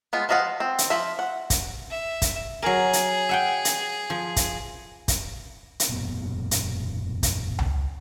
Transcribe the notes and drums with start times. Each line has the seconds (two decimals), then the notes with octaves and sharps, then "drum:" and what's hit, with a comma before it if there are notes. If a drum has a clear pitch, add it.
0.13 G#3 B3 F4
0.29 F3 B4 D#5 F5 F#5
0.60 C4
0.78 drum: hi-hat
0.90 F3 F4 E5
1.19 F#5
1.50 drum: kick, hi-hat
1.90 E5
2.22 drum: kick, hi-hat
2.62 F#3 G#4 A#4
2.93 drum: hi-hat
3.29 E5 F#5 G5
3.65 drum: hi-hat
4.10 F3
4.36 drum: kick, hi-hat
5.08 drum: kick, hi-hat
5.80 drum: hi-hat
5.89 E1 F#2 A#2 B3
6.51 drum: hi-hat
7.23 drum: kick, hi-hat
7.59 drum: tom C#2